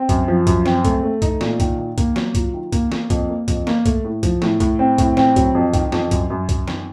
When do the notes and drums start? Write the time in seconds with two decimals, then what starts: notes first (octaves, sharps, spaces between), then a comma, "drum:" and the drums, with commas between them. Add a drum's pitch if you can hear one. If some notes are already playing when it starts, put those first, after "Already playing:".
Already playing: C4
0.09 F#2, drum: kick, hi-hat
0.28 F3
0.47 F#2, drum: kick, hi-hat
0.66 C4, drum: snare
0.85 A3, drum: kick, hi-hat
1.03 A3
1.22 D#4, drum: kick, hi-hat
1.41 A#2, drum: snare
1.60 D#3, drum: kick, hi-hat
1.78 D#3
1.98 A#3, drum: kick, hi-hat
2.16 F#3, drum: snare
2.35 F4, drum: kick, hi-hat
2.54 D#3
2.73 A#3, drum: kick, hi-hat
2.92 A#3, drum: snare
3.10 F2, drum: kick, hi-hat
3.29 A#3
3.48 F2, drum: kick, hi-hat
3.67 A#3, drum: snare
3.86 A3, drum: kick, hi-hat
4.05 A2
4.23 F3, drum: kick, hi-hat
4.42 A2, drum: snare
4.60 A2, drum: kick, hi-hat
4.79 C4
4.98 A2, drum: kick, hi-hat
5.17 C4, drum: snare
5.36 F#3, drum: kick, hi-hat
5.55 F2
5.74 D#3, drum: kick, hi-hat
5.92 F2, drum: snare
6.11 F#2, drum: kick, hi-hat
6.30 F#2
6.49 F#2, drum: kick, hi-hat
6.68 D#3, drum: snare